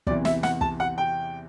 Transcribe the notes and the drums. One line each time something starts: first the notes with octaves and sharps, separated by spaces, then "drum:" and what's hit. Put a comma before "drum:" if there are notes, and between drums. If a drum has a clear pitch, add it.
E2 C3 E3 D5, drum: kick
E5, drum: snare
F#5, drum: snare
A5, drum: kick
F#5
G5